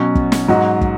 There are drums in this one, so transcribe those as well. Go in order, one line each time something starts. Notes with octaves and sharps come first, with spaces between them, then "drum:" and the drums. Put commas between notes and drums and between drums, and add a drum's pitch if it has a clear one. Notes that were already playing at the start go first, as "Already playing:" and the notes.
Already playing: B2 F#3 C#4 F#4
drum: kick
drum: snare
G#2 F#3 D#4 F#4
drum: kick